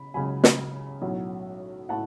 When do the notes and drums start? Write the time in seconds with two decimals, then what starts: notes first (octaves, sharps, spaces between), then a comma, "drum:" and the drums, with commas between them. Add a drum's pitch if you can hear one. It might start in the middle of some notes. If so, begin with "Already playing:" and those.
Already playing: C#3 B5
0.14 C#2 C#3 F#3 G#5 B5
0.44 drum: snare
1.02 B1 A2 F#3
1.89 A2 F#5 A5